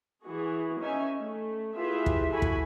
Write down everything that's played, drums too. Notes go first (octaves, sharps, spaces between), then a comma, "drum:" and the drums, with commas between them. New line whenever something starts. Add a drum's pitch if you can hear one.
E3 F#4 G#4
C#4 D#4 E5 G#5
A3
E4 F4 G4 G#4 B4 E5
drum: kick
E4 F#4 A4 G#5 B5
drum: kick